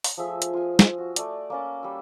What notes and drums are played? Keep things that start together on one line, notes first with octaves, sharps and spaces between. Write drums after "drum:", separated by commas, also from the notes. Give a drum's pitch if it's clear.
drum: open hi-hat
F3 A3 G#4 E5
drum: hi-hat
F4 G#5
drum: snare
F#4
A3 D5, drum: hi-hat
A#3 C#4 A5
G3 E6